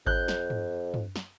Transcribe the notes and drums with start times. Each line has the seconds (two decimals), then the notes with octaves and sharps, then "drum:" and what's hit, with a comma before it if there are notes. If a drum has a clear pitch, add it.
0.06 F2 F#6 G6, drum: kick G#1
0.28 drum: snare
0.50 drum: tom
0.94 drum: tom
1.16 drum: snare